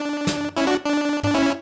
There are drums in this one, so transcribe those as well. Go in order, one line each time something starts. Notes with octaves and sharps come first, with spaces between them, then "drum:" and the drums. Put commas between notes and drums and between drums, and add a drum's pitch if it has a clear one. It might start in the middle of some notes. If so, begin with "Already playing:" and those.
Already playing: D4
drum: snare
C#4 E4
D4 F#4
D4
D4, drum: tom
C#4 E4